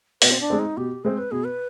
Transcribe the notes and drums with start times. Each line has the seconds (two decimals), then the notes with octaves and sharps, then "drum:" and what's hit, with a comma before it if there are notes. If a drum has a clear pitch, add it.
0.22 B2 B4, drum: open hi-hat
0.31 C4
0.41 D4
0.50 G#3 C4
0.59 D#4
0.77 B2 G4
1.05 G#3 C4 C5
1.18 B4
1.31 B2 G#4
1.44 B4